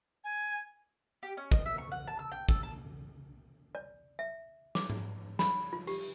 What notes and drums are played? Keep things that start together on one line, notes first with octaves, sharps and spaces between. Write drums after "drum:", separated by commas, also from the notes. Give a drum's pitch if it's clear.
G#5
G4
C#4
D#5, drum: kick
E5
C#6
F#5
A5
E6
G5
A4, drum: kick
A5
D5
E5
D6, drum: snare
drum: tom G#2
B5, drum: snare
F4
G4, drum: open hi-hat